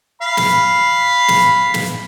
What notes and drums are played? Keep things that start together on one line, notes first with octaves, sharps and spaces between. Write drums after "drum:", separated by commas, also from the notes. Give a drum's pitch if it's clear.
F5 B5
drum: snare
drum: snare
drum: snare